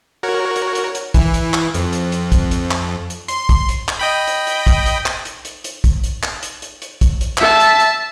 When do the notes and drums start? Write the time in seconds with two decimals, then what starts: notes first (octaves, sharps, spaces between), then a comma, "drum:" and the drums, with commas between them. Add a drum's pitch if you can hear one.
0.23 F#4 A#4 C#5
0.56 drum: hi-hat
0.75 drum: hi-hat
0.95 drum: hi-hat
1.14 E3, drum: kick, hi-hat
1.34 drum: hi-hat
1.54 drum: clap
1.74 F2, drum: hi-hat
1.93 drum: hi-hat
2.12 drum: hi-hat
2.32 drum: kick, hi-hat
2.51 drum: hi-hat
2.71 drum: clap
3.10 drum: hi-hat
3.28 C6, drum: hi-hat
3.49 drum: kick, hi-hat
3.69 drum: hi-hat
3.88 drum: clap
3.99 D#5 G5 B5
4.27 drum: hi-hat
4.47 drum: hi-hat
4.67 drum: kick, hi-hat
4.86 drum: hi-hat
5.06 drum: clap
5.25 drum: hi-hat
5.45 drum: hi-hat
5.64 drum: hi-hat
5.84 drum: kick, hi-hat
6.04 drum: hi-hat
6.23 drum: clap
6.43 drum: hi-hat
6.62 drum: hi-hat
6.82 drum: hi-hat
7.01 drum: kick, hi-hat
7.21 drum: hi-hat
7.38 E5 A5, drum: clap
7.60 drum: hi-hat
7.80 drum: hi-hat